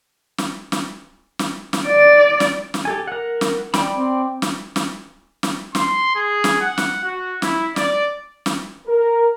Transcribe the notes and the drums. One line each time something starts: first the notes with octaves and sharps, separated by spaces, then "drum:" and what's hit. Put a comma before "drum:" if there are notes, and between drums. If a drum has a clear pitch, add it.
drum: snare
drum: snare
drum: snare
drum: snare
D5
drum: snare
drum: snare
G4 A4 G#5
A#4 F#5
drum: snare
D5 G5 B5, drum: snare
C4
drum: snare
drum: snare
drum: snare
C6, drum: snare
G#4
drum: snare
F#5
drum: snare
F#4
E4, drum: snare
D5, drum: snare
drum: snare
A#4